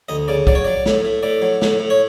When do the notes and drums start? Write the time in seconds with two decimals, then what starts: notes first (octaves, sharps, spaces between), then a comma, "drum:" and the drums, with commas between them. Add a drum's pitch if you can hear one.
0.09 D2 D#5
0.28 C#3 D5
0.47 F#3 D5, drum: kick
0.55 C#5
0.64 F#3 D5
0.86 A2, drum: snare
1.05 A3
1.23 A2 D5
1.42 F#3
1.62 A2, drum: snare
1.80 A2
1.90 C#5